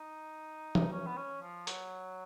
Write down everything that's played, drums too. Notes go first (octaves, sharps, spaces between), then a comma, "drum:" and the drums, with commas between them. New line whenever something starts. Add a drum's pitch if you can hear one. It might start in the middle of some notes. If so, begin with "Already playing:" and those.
Already playing: D#4
drum: tom
C#4
B3
C#4
F3
F#3, drum: hi-hat